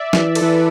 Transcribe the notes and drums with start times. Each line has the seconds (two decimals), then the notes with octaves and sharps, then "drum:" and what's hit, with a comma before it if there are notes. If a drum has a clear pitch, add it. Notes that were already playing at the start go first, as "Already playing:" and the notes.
Already playing: D5 E5
0.13 E3 E5, drum: snare
0.35 A4, drum: cymbal
0.41 E3 B4